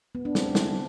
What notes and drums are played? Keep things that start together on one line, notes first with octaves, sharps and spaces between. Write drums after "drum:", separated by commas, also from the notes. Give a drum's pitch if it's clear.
B3
D4
C4, drum: snare
D4
D3 G3 E4, drum: snare